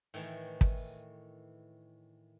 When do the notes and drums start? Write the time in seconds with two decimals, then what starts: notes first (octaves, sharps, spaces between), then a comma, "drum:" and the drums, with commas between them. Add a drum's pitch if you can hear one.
0.14 A2 D#3 E3 A3
0.61 drum: kick